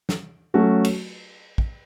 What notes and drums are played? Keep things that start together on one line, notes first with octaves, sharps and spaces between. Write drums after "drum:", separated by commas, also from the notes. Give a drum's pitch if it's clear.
drum: snare
F#3 A3 C#4 F#4 A4
drum: cymbal
drum: kick